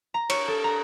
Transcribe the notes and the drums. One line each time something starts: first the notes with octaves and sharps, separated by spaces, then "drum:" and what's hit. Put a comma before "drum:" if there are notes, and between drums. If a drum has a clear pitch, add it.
A#5
C#5, drum: cymbal
A4
A#5